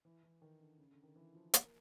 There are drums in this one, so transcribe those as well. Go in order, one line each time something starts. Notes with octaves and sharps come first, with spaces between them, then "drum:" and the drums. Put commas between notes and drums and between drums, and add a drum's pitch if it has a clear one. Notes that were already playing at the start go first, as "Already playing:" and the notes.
E3
E3
D#3
D3
C#3
D3
D#3
E3
F3
A#3, drum: hi-hat